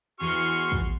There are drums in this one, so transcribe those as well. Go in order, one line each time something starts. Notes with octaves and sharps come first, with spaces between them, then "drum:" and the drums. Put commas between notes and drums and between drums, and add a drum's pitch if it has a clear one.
E2 F#4 C6 C#6 F6
drum: kick